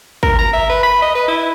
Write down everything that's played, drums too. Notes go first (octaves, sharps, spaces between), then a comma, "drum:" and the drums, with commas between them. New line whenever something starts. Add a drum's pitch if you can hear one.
A#4, drum: kick
A#5
E5
B4
B5
D#5
B4
E4